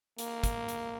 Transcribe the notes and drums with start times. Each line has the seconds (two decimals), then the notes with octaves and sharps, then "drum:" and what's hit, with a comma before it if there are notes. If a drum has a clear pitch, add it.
0.18 A#3, drum: hi-hat
0.44 drum: kick, hi-hat
0.68 drum: hi-hat